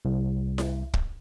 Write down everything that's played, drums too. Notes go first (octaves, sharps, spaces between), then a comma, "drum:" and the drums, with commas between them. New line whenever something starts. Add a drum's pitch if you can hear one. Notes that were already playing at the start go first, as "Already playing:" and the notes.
C2
drum: snare E4
drum: kick